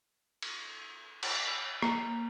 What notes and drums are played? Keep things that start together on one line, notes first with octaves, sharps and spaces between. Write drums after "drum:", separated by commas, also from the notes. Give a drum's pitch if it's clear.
drum: cymbal
drum: cymbal
A#3, drum: rim click